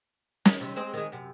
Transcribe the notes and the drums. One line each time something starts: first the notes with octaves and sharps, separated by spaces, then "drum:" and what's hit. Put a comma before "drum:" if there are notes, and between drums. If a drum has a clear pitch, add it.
D#3, drum: snare
D#2 C3
G#3 C4 C5
D#3 G#3
F#2 C3